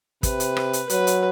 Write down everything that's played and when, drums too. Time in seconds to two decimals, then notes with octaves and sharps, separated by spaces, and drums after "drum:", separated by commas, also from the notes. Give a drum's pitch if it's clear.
0.23 C3 B4, drum: kick, hi-hat
0.40 drum: hi-hat
0.57 drum: rim click
0.73 drum: hi-hat
0.90 F#3 B4, drum: hi-hat
1.07 drum: hi-hat